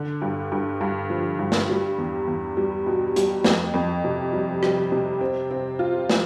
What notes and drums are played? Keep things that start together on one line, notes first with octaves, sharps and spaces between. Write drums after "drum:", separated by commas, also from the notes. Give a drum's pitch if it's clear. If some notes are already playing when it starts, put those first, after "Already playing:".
Already playing: D3
G2
G2
G2
F3
G2
drum: snare
G3
E2
E2
G3
B2
G3, drum: hi-hat
F2, drum: snare
F2
C3
G3
G3, drum: rim click
C3
C4
C4
F4
F3, drum: snare